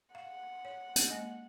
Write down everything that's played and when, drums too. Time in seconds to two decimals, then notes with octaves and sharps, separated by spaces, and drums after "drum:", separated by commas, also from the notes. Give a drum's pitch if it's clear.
0.15 F5 F#5
0.65 C#5
0.96 drum: hi-hat
1.09 G#3 A#3 D#5